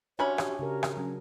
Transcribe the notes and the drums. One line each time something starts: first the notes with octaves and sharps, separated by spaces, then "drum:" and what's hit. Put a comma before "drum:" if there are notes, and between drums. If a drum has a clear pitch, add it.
C3 C#4 D4 F#4 C#5 B5
G4, drum: rim click
C#3 G4 A#4
drum: rim click
F#3 C#4